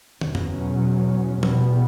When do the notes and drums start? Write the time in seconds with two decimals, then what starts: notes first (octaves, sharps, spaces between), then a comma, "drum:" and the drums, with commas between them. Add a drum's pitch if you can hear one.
0.21 E2 B2 F#3 C#4, drum: tom
0.35 drum: tom F2
1.43 E2 B2 G3 B3, drum: tom